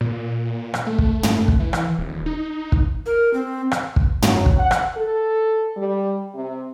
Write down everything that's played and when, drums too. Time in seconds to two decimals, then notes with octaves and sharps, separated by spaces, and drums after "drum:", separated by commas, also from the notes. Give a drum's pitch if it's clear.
0.01 A#2
0.74 drum: rim click
0.87 A3
0.98 drum: kick
1.23 drum: tom
1.48 drum: kick
1.60 E3
1.73 drum: rim click
1.98 D#1
2.26 D#4
2.72 drum: kick
3.06 A#4
3.34 C4
3.71 drum: rim click
3.96 drum: kick
4.22 F#3, drum: tom
4.46 drum: kick
4.57 F#5
4.71 drum: rim click
4.96 A4
5.76 G3
6.34 C3